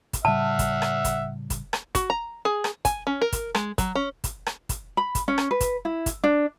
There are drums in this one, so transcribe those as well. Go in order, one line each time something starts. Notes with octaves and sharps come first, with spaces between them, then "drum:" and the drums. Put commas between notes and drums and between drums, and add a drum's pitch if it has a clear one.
drum: kick, hi-hat
A2 C#3 G3 E5 F#5 A5 F6
drum: kick, hi-hat
drum: rim click
drum: kick, hi-hat
drum: kick, hi-hat
drum: rim click
F#4, drum: kick, hi-hat
A#5
G#4
drum: rim click
G#5, drum: kick, hi-hat
C#4
A#4
drum: kick, hi-hat
G#3, drum: rim click
F#3, drum: kick, hi-hat
C#4
drum: kick, hi-hat
drum: rim click
drum: kick, hi-hat
B5
drum: kick, hi-hat
C#4
drum: rim click
B4
drum: kick, hi-hat
E4
drum: kick, hi-hat
D4